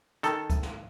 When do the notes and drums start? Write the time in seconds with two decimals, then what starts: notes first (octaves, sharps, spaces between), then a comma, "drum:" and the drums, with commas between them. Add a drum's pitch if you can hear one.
0.23 D#3 A4, drum: hi-hat
0.50 drum: kick, hi-hat
0.63 drum: snare